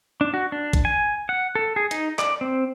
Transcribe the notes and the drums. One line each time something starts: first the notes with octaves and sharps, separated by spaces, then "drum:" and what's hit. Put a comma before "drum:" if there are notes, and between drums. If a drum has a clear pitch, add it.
D4
F#4
D4
drum: kick A#1, hi-hat
G#5
F#5
A4
G#4
D#4, drum: hi-hat
D5, drum: clap
C4